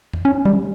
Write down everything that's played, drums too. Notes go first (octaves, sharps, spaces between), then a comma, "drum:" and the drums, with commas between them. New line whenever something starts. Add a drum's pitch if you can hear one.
drum: tom
C#4
G3, drum: tom